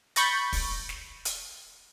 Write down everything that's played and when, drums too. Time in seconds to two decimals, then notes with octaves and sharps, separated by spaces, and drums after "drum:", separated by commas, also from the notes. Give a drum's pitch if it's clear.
0.16 B5 C#6 G6 A6 A#6, drum: hi-hat
0.53 drum: kick, open hi-hat
0.89 drum: snare
1.25 drum: hi-hat